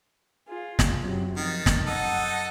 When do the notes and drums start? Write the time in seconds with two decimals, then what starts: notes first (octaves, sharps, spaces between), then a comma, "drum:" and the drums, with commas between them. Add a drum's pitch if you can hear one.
0.48 F4 G#4
0.79 drum: snare
1.01 F#2 C3 F#3
1.37 D#3 F3 A6
1.66 drum: snare
1.86 F#2 D#4 A4 D#5 F#5 A5